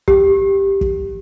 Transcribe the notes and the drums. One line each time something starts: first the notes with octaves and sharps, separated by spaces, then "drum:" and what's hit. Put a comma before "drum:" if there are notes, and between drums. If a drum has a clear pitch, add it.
G4, drum: kick
drum: kick